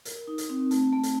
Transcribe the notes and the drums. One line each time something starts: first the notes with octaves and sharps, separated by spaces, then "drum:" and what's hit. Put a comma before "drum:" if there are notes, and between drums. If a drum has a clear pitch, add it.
A#4, drum: hi-hat
D#4
drum: hi-hat
C4
A3, drum: hi-hat
A3
drum: hi-hat